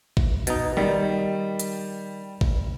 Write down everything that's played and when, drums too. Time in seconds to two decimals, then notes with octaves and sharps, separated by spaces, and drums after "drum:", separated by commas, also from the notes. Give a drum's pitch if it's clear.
0.17 drum: kick
0.47 B2 D#4, drum: hi-hat
0.77 D#3 G3
1.59 drum: hi-hat
2.41 drum: kick